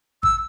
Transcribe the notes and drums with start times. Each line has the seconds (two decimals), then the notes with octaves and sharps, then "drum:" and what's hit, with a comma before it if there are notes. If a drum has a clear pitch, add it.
0.23 E6, drum: kick G#1